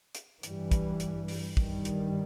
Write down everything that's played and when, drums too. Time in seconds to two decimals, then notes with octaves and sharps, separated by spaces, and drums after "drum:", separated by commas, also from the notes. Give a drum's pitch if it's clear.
0.15 drum: hi-hat
0.43 G2 E3 G3, drum: hi-hat
0.71 drum: kick, hi-hat
1.00 drum: hi-hat
1.28 drum: open hi-hat
1.57 G2 D#3 G3, drum: kick
1.85 drum: hi-hat